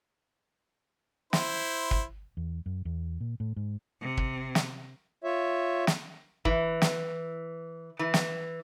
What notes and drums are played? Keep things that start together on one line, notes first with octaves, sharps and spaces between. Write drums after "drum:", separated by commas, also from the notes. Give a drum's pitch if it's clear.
E4 C5, drum: snare
drum: kick
E2
F#2
E2
A#2
A2
G#2
C3
drum: kick
drum: snare
F4 C#5 E5
drum: snare
E3, drum: kick
drum: snare
E3
drum: snare